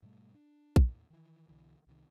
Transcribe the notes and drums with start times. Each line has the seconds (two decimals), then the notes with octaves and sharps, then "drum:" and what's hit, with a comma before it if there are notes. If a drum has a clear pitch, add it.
0.02 G#2 B2 G3 A3
0.34 D4
0.76 drum: kick
0.87 D#2 A2
1.10 D#3 E3
1.48 B1 D3 E3
1.87 C2 C3 D#3